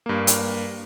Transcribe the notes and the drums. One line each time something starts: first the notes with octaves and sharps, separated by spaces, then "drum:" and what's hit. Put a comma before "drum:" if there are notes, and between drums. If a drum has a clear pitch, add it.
G2 A#3
drum: hi-hat